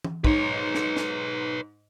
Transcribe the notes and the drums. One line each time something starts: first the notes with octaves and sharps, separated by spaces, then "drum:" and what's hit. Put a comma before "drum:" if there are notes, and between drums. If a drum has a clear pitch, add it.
drum: tom
G#2 B4 C#5, drum: kick
drum: snare
drum: snare